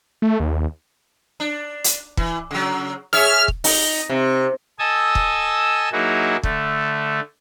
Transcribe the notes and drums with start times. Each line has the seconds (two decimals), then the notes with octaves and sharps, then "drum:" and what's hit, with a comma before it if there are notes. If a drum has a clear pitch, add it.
0.22 A3
0.40 D#2
1.40 D4
1.84 drum: hi-hat
2.17 E3, drum: kick
2.51 C#3 F#3
3.13 G#4 C#5 E5 F6
3.48 drum: kick
3.64 D#4, drum: open hi-hat
4.10 C3
4.79 A4 D#5 G#5 A5 D#6 E6
5.15 drum: kick
5.92 F#3 A#3 D#4 E4 F#4 G#4
6.43 D3 A3, drum: kick